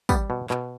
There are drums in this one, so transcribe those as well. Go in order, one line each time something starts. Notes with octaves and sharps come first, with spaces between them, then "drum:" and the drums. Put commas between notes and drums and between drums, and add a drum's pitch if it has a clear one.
G3 B3, drum: kick, tambourine
B2
B2, drum: clap